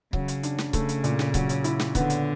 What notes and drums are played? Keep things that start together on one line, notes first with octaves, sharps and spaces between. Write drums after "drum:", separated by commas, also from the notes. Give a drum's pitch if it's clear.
C#3 F#3, drum: kick C#1
drum: hi-hat
D4, drum: hi-hat
drum: snare
C#3 A3, drum: kick C#1, hi-hat
drum: hi-hat
A#2, drum: hi-hat
drum: snare
F#3, drum: kick C#1, hi-hat
drum: hi-hat
E4, drum: hi-hat
drum: snare
D3 B3, drum: kick C#1, hi-hat
drum: hi-hat